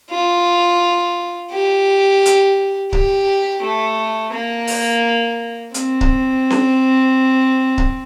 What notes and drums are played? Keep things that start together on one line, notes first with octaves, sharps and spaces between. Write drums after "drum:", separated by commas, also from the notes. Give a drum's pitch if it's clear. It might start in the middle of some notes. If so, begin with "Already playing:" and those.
F4
G4
drum: hi-hat
G4, drum: kick C#1
A3
A#3
drum: open hi-hat
C4, drum: hi-hat
drum: kick C#1
drum: snare C#4
drum: kick C#1